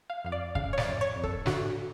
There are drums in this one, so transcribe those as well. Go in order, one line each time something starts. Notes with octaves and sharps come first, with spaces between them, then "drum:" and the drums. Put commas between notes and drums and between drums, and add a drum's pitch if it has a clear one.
F5
F2 F5
D5
C#3 F5, drum: kick
C#5
D5, drum: snare
F2
C#5
F2
A4, drum: kick
D3 F#4, drum: snare